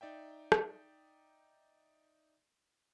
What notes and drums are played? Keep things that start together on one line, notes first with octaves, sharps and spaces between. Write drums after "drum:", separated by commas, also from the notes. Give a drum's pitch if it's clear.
D#4 D5 E5 G5
drum: rim click